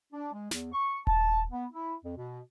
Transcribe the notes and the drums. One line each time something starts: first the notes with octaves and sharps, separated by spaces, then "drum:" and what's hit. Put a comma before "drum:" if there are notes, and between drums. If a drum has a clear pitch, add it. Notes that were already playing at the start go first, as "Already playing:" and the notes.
D4
G#3
E2, drum: snare
C#6
A5, drum: kick D#1
B3
E4
F2
B2